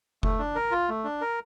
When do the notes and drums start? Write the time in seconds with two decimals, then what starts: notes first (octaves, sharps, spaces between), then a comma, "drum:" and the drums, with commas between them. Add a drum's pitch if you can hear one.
0.23 A3, drum: kick F1
0.39 D4
0.55 A#4
0.71 F4
0.89 A3
1.04 D4
1.21 A#4